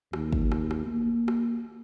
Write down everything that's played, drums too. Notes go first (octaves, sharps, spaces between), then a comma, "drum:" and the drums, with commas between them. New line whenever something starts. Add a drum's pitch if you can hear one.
D#2, drum: rim click
drum: kick
drum: rim click
drum: rim click
A#3
drum: rim click